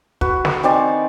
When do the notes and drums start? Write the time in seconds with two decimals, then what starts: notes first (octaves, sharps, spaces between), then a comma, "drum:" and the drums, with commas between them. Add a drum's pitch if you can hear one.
0.21 F#4 B4, drum: kick
0.45 drum: snare
0.63 D#3 C4 D5 G#5